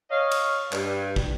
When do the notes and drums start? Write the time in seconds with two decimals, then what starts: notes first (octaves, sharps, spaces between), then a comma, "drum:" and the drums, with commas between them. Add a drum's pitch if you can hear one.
0.10 C#5 D#5 F5
0.32 drum: cymbal
0.72 G2, drum: clap
1.16 drum: kick